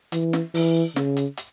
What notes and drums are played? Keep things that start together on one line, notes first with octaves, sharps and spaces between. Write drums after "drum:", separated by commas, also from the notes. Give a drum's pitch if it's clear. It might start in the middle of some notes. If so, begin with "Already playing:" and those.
E3, drum: hi-hat
drum: snare
E3, drum: open hi-hat
C#3, drum: snare
drum: hi-hat
drum: hi-hat